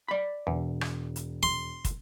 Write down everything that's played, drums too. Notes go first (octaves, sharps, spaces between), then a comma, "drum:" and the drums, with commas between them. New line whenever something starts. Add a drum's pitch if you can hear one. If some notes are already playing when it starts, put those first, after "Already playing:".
D5 B5
E1 E2
drum: rim click
drum: hi-hat
C6
drum: kick, hi-hat